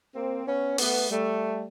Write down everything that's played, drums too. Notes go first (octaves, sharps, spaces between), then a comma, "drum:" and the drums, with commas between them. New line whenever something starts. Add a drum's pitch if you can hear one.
A#3 C4
B3 C#4
A3 B3, drum: open hi-hat
G3 A3